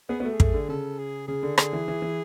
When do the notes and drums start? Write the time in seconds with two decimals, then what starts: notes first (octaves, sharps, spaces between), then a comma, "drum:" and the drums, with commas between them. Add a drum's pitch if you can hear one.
0.09 B3 G#4
0.20 A3 B3 F#4
0.33 G#4
0.40 A3, drum: kick
0.54 D3
0.69 C#3 A4
0.99 G#4
1.28 C#3 G#4
1.43 D3
1.58 D3 G#4, drum: rim click
1.73 E3
1.88 E3
2.02 E3